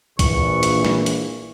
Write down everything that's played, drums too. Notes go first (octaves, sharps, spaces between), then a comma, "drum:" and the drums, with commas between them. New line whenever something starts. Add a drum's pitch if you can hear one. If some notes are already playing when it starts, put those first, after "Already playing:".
A#1 E3 C#6, drum: kick, hi-hat
drum: hi-hat
drum: snare
drum: hi-hat